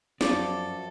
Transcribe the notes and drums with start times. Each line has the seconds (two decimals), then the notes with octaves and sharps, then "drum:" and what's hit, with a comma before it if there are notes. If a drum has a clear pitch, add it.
0.21 F#2 F3 A4 D5, drum: snare